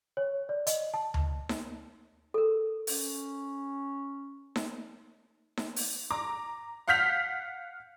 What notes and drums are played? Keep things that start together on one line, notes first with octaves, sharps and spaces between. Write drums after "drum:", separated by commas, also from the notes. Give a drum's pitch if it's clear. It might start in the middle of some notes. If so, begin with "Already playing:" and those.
C#5
D5
D#5, drum: hi-hat
A5
drum: tom D2
drum: snare D#4
A4 A#4
C#4, drum: open hi-hat
drum: snare D#4
drum: snare D#4
drum: open hi-hat
A#5 D6
F5 F#5 F6 G6 B6 F7